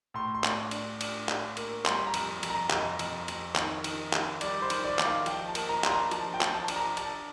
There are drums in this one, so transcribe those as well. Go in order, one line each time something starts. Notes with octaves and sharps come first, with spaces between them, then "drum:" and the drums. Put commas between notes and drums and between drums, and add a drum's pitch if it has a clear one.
A2 C6
C6
D4, drum: clap
D4, drum: cymbal
D4, drum: cymbal
D4, drum: clap
A#3, drum: cymbal
G3 C6, drum: clap
A#5
F2, drum: cymbal
F2, drum: cymbal
A#5
F2 D#5, drum: clap
F2, drum: cymbal
F2, drum: cymbal
D#3, drum: clap
D#3, drum: cymbal
D#3, drum: clap
G3 D5, drum: cymbal
C5
D#3, drum: cymbal
D5
D#3, drum: clap
F5
F3 G5, drum: cymbal
A5
A#3, drum: cymbal
A#5
D4 C6, drum: clap
A#5
F3 A5, drum: cymbal
G5
F3, drum: clap
A5
D4, drum: cymbal
A#5
D4 A5, drum: cymbal